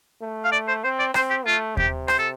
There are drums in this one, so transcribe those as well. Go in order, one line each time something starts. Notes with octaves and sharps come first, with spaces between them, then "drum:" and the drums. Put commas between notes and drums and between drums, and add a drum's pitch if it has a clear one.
A3
F5
D5
C5
C4 C5
D5
C4 C5, drum: rim click
G4
A3 F4
C3 G4, drum: kick D#2
C5, drum: rim click
A4